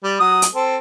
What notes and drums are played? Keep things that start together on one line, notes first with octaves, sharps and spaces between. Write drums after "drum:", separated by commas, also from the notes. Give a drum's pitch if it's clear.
G3
F#3 D#6
drum: hi-hat
C4 A4